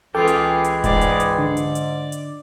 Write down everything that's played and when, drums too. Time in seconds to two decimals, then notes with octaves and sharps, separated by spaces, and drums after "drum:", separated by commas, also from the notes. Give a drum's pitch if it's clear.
0.14 C#2 E3 C#4 F4 G#4 A4 G5 D6
0.27 drum: hi-hat
0.64 drum: hi-hat
0.84 G#2 D#4 D5, drum: kick E1, hi-hat
1.01 drum: hi-hat
1.20 drum: hi-hat
1.38 D3 D5
1.57 drum: hi-hat
1.75 drum: hi-hat
2.12 drum: hi-hat